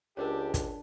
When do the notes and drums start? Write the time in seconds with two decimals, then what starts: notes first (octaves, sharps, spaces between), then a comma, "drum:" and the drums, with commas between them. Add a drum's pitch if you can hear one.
0.17 C#2 D4 G4 A#4 C5 C#5
0.54 drum: kick, hi-hat